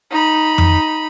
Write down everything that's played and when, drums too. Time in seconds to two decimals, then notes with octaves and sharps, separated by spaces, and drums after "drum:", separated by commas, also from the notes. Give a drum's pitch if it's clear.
0.11 D#4 B5
0.58 drum: tom F2